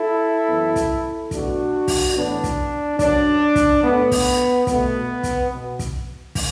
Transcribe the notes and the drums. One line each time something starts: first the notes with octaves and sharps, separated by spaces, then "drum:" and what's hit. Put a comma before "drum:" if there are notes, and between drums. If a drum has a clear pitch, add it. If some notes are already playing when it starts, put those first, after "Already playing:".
Already playing: E4 A4
F#2 E3 B3
drum: kick, hi-hat
B2 A3 D4 F#4, drum: kick, hi-hat
drum: kick, open hi-hat
A2 E3 B3 D4
drum: kick, hi-hat
F#2 F#3 B3 D4, drum: kick, hi-hat
drum: kick, hi-hat
A2 A3 B3
drum: kick, open hi-hat
B2 A3 B3, drum: kick, hi-hat
drum: kick, hi-hat
B2 B3
drum: kick, hi-hat
drum: kick, open hi-hat